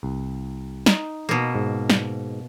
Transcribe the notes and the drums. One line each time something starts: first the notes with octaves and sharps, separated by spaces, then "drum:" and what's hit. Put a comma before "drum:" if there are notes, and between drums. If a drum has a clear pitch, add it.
C2
D#4, drum: snare
B2 A#3
G#2
drum: snare